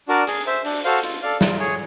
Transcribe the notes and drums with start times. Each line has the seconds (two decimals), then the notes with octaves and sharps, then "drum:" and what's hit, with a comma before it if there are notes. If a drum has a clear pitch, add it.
0.08 D4 F#4 A#4 D5
0.27 G#4, drum: hi-hat
0.47 C5 E5
0.65 D4, drum: open hi-hat
0.84 F#4 A4 C5 F5
1.03 F4, drum: hi-hat
1.22 A4 D5 F5
1.41 F4, drum: snare
1.60 G#4 C#5